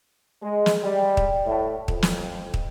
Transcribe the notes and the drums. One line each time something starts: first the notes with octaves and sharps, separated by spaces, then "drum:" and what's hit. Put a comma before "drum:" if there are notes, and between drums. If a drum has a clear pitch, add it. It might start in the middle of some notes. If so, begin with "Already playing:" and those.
G#3
drum: snare
G3
drum: kick
A2
F2, drum: kick
drum: snare
drum: kick